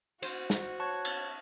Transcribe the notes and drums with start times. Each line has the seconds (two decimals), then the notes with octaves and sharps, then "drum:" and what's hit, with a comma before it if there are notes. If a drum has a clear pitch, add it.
0.22 F#4 C5, drum: cymbal
0.50 drum: snare
0.80 C#5 A5 C#6 F#6
1.05 drum: cymbal